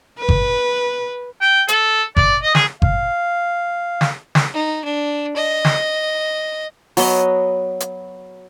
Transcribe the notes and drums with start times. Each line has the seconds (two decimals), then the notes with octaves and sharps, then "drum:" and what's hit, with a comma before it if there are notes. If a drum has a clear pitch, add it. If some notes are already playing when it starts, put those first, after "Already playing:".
0.19 B4
0.29 drum: kick G1
1.41 G5
1.68 A4, drum: hi-hat
2.17 D5, drum: kick G1
2.43 D#5
2.55 G#4, drum: snare
2.82 F5, drum: kick G1
4.01 drum: snare
4.35 drum: snare
4.53 D#4
4.84 D4
5.36 D#5
5.65 drum: snare
6.97 F#3 B3 B4 D#5, drum: open hi-hat
7.80 drum: hi-hat